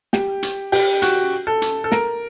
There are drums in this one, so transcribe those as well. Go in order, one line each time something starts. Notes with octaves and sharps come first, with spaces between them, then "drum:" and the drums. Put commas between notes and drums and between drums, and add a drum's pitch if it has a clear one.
G4, drum: snare
drum: hi-hat
G4, drum: open hi-hat
F#4, drum: hi-hat
A4
drum: hi-hat
A4
A#4, drum: snare